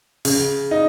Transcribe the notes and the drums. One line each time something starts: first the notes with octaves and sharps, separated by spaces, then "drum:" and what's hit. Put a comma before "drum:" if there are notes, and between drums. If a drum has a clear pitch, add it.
C#3, drum: open hi-hat
D#4